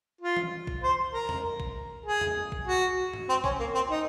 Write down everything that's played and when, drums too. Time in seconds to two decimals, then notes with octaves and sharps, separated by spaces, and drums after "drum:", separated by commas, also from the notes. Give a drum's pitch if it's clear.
0.21 F4
0.37 drum: tom E3
0.67 drum: kick
0.83 C5
1.13 A#4
1.29 drum: tom E2
1.60 drum: kick
2.06 G#4
2.21 drum: tom E2
2.52 drum: kick
2.67 F#4
3.14 drum: tom G2
3.29 C4
3.44 C#4, drum: kick
3.60 A#3
3.74 C4
3.91 D#4